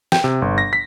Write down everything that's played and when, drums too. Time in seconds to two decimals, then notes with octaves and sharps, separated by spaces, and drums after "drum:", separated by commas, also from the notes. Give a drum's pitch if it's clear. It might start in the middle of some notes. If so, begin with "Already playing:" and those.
0.12 G5, drum: snare
0.24 C3
0.42 G1
0.58 A#6
0.73 B6